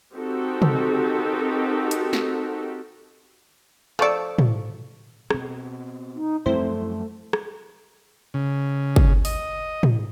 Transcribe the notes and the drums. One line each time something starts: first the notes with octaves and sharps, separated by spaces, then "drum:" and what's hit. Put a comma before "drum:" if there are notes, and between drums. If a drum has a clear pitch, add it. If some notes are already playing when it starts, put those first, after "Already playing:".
C4 D#4 F#4 G4 A4 A#4
drum: tom
drum: hi-hat
drum: snare
F3 A4 D5 C#6 E6
drum: tom
B2 C4, drum: rim click
D#4
F#2 F3 G3 A3 C4 E4 C5
drum: rim click
C#3
drum: kick
D#5, drum: open hi-hat
drum: tom